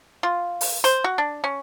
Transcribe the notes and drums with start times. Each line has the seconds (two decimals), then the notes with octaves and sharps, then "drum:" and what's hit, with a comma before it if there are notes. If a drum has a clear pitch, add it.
0.23 F4
0.61 drum: open hi-hat
0.84 C5, drum: hi-hat
1.04 F#4
1.18 D4
1.44 C#4